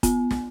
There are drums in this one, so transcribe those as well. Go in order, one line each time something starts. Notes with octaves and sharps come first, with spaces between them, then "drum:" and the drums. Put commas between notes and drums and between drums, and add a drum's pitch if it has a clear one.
B3, drum: kick, hi-hat
drum: snare